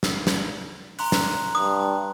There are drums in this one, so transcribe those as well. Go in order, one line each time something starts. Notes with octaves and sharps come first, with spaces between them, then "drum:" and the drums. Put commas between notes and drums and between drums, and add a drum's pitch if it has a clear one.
drum: snare
drum: snare
A#5 C6 F#6, drum: open hi-hat
drum: snare
G2 D#6